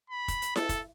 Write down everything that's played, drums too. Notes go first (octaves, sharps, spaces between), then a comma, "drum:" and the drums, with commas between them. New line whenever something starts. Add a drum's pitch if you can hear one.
B5
drum: kick, hi-hat
drum: hi-hat
A4, drum: snare E4
drum: kick, hi-hat